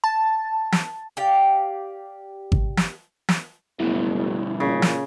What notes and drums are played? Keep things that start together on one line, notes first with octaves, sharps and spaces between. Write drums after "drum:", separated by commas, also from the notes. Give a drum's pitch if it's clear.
A5
drum: snare
G4 D5 F5 G5
drum: kick G#1
drum: snare
drum: snare
F#1 G2 B2 E4
A#2 C#3
drum: snare